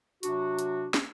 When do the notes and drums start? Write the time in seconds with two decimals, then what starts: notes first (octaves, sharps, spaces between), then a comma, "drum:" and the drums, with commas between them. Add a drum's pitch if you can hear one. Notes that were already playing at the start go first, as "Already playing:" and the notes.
0.23 C3 F#3 D4 F#4, drum: hi-hat
0.59 drum: hi-hat
0.94 drum: snare